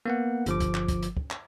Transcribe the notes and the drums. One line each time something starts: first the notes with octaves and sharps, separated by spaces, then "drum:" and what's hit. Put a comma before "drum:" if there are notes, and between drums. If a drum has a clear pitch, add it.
A#3 B3 F#5
G1 F3 D6, drum: hi-hat
drum: kick, hi-hat
drum: clap
drum: kick, hi-hat
drum: hi-hat
drum: kick
drum: clap